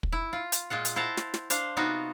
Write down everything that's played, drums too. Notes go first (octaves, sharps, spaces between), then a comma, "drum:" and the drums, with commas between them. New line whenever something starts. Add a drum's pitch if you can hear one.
drum: kick
E4
F4
drum: hi-hat
A#2 G#3 F4 F#5
drum: hi-hat
E4 C5 F#5 A5 A#5
drum: snare
drum: snare
D4 C5 F5, drum: hi-hat
C3 B3 D#4 F4 F#4